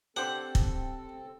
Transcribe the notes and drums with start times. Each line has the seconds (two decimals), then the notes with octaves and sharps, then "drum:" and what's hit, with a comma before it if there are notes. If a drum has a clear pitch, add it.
0.16 C4 D4 G4 A4 C5 F#5
0.55 drum: kick